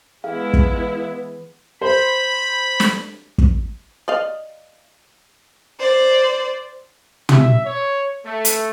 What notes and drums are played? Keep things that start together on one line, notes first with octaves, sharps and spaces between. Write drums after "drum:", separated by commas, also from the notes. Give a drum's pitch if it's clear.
E3 G#3 B3 E4 G#4 F5
drum: kick
C5 B5
drum: snare
drum: kick
D5 D#5 F5
C5 D5
E5, drum: tom
C#5
A3
drum: hi-hat